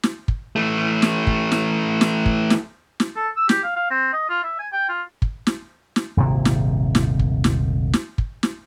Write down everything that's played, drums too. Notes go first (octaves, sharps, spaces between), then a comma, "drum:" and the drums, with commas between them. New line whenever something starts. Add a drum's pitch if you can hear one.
drum: snare
drum: kick
E3 A3
drum: snare
drum: kick
drum: snare
drum: snare
drum: kick
drum: snare
drum: snare
A4
E6
G4, drum: snare
F5
F5
C4
D#5
F4
E5
G#5
G5
F4
drum: kick
drum: snare
drum: snare
D#1 G#1 C3 A#3
drum: snare
drum: snare
drum: kick
drum: snare
drum: snare
drum: kick
drum: snare